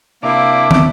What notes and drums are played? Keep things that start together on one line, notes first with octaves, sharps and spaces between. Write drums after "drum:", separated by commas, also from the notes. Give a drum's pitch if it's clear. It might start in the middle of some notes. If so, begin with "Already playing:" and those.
C3 A#3 D4 E4 E5 D6
drum: tom